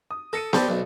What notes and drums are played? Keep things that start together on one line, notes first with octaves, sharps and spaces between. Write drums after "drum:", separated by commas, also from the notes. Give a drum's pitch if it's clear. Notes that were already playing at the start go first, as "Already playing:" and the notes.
D#6
A4 A#6 C#7 D#7
C4 G4 C5 D5 A5 B5, drum: snare B3
B1